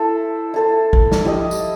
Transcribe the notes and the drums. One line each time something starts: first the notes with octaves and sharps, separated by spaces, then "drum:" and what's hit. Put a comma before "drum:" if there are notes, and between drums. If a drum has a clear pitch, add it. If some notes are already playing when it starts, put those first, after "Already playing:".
Already playing: E4 A4 C5
E4 A4 C5
drum: kick
drum: snare
E4 G4 D#5, drum: tom F3
drum: tambourine